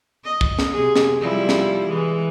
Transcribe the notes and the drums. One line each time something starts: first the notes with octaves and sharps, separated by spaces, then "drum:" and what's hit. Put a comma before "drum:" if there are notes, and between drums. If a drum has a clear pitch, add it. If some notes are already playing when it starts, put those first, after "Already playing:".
D#5
drum: kick
drum: snare
C3 G#4
drum: snare
F3 G3 E4
drum: snare
E3 G#3